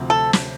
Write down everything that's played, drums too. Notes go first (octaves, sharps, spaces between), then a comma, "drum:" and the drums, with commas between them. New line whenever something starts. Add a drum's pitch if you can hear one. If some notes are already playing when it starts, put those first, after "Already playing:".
Already playing: D2 C3 F3 C4
A4
drum: snare